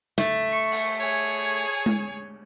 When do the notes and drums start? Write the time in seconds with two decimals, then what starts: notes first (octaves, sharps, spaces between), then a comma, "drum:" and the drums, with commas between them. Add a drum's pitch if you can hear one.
0.18 A3, drum: snare
0.52 C#6
0.72 drum: cymbal
0.99 G#4 C#5
1.86 drum: tom G#3